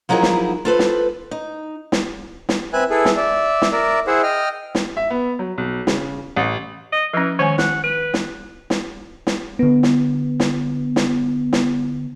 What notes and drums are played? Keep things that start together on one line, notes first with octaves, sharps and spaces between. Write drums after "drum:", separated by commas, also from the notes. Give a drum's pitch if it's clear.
F3 F#3 D#4 E4 G#4 A#4
drum: snare
F4 A4 B4 C5
drum: snare
D#4
drum: snare
drum: snare
C4 B4 E5 G#5 F#6
E4 G#4 A4 B4
drum: snare
D5 E5
drum: snare
A#4 D5 E5
E4 G#4 C5 E5 F#5
D#5 G5 F6
drum: snare
E5
B3
F#3
B1
C#3, drum: snare
A1
D#5
E3 F3 C#4
D#3 G#3 C#4 G#5
F#5, drum: snare
B4
drum: snare
drum: snare
drum: snare
D3 B3
drum: snare
drum: snare
drum: snare
drum: snare